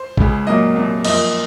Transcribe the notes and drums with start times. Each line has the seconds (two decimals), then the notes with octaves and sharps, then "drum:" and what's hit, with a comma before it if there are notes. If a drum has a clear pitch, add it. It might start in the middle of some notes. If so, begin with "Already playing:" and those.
Already playing: C5
0.17 C#2 C#3 G#3, drum: kick A#1
0.47 A#2 F#3 A#3 D#5
0.75 C2 A#2 F#3
1.05 F#2 F3 A#3 D#5, drum: cymbal